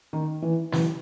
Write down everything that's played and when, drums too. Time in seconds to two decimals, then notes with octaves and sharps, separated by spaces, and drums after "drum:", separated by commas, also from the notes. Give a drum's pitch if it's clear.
0.13 D#3
0.42 E3
0.72 E3, drum: snare